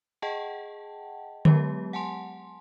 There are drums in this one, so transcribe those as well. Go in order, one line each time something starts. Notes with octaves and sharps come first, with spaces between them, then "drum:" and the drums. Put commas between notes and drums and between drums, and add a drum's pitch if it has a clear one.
G#4 D#5 F#5 G5 A5
F#3 G#3 B3 G4, drum: tom D3
F#5 G#5 A5 C6